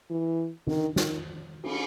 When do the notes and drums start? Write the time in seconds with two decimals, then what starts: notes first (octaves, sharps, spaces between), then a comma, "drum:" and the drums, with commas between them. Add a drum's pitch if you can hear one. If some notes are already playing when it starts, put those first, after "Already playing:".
0.10 E3
0.67 D#3, drum: tom D#3
0.96 D#3, drum: snare
1.63 drum: cymbal